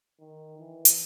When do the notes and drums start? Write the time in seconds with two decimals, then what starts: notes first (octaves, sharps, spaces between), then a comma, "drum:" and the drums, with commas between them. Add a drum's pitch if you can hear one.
0.20 D#3
0.59 E3
0.85 drum: hi-hat